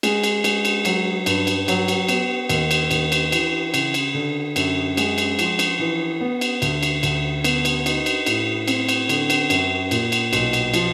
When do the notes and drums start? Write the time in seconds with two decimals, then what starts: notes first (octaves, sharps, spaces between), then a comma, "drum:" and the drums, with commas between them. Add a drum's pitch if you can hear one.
0.03 G#3, drum: cymbal
0.23 drum: cymbal
0.44 G#3, drum: cymbal
0.65 drum: cymbal
0.85 F#3, drum: cymbal
1.26 G2, drum: cymbal
1.47 drum: cymbal
1.68 F#3, drum: cymbal
1.88 drum: cymbal
2.08 B3, drum: cymbal
2.49 D#2, drum: cymbal
2.71 drum: cymbal
2.91 D#2, drum: cymbal
3.12 drum: cymbal
3.32 E3, drum: cymbal
3.74 C#3, drum: cymbal
3.94 drum: cymbal
4.14 D3
4.56 F#2, drum: cymbal
4.97 G#3, drum: cymbal
5.18 drum: cymbal
5.39 F3, drum: cymbal
5.59 drum: cymbal
5.79 E3
6.21 B3
6.41 drum: cymbal
6.62 D2, drum: cymbal
6.83 drum: cymbal
7.03 D2, drum: cymbal
7.44 B3, drum: cymbal
7.65 drum: cymbal
7.86 D#4, drum: cymbal
8.06 drum: cymbal
8.26 A2, drum: cymbal
8.68 C4, drum: cymbal
8.89 drum: cymbal
9.09 D3, drum: cymbal
9.30 drum: cymbal
9.50 F#2, drum: cymbal
9.91 A#2, drum: cymbal
10.12 drum: cymbal
10.33 B1, drum: cymbal
10.53 drum: cymbal
10.74 F3, drum: cymbal